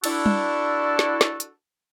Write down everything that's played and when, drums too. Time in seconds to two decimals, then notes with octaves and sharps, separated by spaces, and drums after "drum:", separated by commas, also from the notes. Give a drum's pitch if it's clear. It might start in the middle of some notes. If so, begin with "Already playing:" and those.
0.04 D4 E4 F#4 A4, drum: cymbal
0.26 drum: tom G3
0.99 drum: snare
1.21 drum: snare
1.40 drum: hi-hat